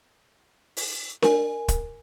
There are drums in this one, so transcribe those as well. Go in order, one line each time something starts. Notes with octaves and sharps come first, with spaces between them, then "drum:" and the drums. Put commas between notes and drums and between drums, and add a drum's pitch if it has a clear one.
drum: open hi-hat
A#4 G#5, drum: snare D4
drum: kick, hi-hat